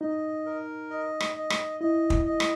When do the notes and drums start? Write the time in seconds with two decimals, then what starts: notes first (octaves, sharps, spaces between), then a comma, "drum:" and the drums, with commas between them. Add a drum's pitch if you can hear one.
0.01 D#4 D#5
0.46 A#4
0.90 D#5
1.20 drum: rim click
1.36 D#5
1.50 drum: rim click
1.80 E4 D#5
2.10 drum: kick
2.25 D#5
2.40 drum: rim click